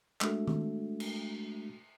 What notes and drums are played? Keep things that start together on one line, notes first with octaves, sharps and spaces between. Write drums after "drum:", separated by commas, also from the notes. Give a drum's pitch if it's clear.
G#3 A3 D4 F#4 A4, drum: clap
drum: tom D#3
drum: cymbal